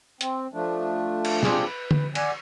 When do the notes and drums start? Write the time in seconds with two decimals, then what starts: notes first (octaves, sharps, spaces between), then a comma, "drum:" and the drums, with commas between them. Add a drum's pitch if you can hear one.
0.21 C4, drum: hi-hat
0.54 F3 A3 D4
1.25 drum: cymbal
1.43 F3 G3 C4 D4 G4 G#4, drum: snare
1.65 B4
1.91 drum: tom D3
2.15 D5 F#5 G#5, drum: cymbal